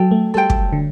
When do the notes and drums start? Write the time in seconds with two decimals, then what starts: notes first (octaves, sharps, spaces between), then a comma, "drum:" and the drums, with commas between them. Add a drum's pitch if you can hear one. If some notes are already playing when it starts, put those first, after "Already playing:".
Already playing: F#3 A4 G5
0.11 A3
0.34 G3 A4 C5 G5
0.50 drum: kick
0.73 D3